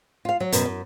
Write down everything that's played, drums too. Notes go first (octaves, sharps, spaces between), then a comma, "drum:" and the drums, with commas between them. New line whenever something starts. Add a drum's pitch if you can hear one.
F4 F5
F#3
F#2 B2, drum: hi-hat
F#2